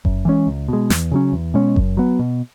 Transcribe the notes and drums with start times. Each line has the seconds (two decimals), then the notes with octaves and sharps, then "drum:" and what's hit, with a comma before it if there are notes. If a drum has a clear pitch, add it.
0.05 F#2, drum: kick F#1
0.25 E3 G#3 C#4
0.47 C#2
0.68 B2 G#3
0.90 E2, drum: snare
1.12 C#3 F#3 C#4
1.33 E2
1.54 B2 G#3 C#4
1.76 F#2, drum: kick F#1
1.97 F#3 B3
2.19 B2